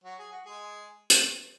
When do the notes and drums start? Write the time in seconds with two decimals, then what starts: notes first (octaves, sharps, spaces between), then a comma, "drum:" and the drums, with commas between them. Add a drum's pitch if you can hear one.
0.04 F#3 F#4
0.18 G#4
0.32 F#4
0.45 G#3 G#4
1.10 drum: hi-hat